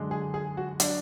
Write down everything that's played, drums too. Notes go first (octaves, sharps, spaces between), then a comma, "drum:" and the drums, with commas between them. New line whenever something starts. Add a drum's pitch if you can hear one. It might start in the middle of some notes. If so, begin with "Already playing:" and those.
Already playing: F#2 D3 G#3
G#4
G#4
F#4
F#3 D4, drum: hi-hat